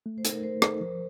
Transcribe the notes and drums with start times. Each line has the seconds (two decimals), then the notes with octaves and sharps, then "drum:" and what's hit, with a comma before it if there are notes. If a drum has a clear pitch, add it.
0.06 A3
0.18 C5
0.25 D#4 A4, drum: hi-hat
0.31 A#4
0.43 A3 C5
0.62 D#4 A4, drum: rim click
0.81 F3